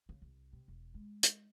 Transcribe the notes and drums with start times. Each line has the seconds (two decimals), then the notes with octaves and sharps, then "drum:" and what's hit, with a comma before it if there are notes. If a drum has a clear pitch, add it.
0.09 C#3
0.22 C2
0.53 C3
0.68 E1
0.94 G#3
1.23 drum: hi-hat